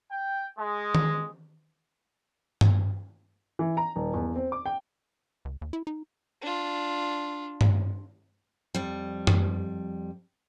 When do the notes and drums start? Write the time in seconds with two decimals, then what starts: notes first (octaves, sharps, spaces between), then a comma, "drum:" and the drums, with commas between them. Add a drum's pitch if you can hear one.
0.11 G5
0.59 G#3
0.95 drum: tom D#3
2.61 drum: tom G2
3.59 E3
3.77 A#5
3.96 D#1
4.14 E2
4.36 C4
4.52 D6
4.66 G5
5.45 C#2
5.61 D#2
5.73 E4
5.87 D#4
6.42 D4 F4
7.61 drum: tom G2
8.74 F2 G3
9.27 drum: tom F#2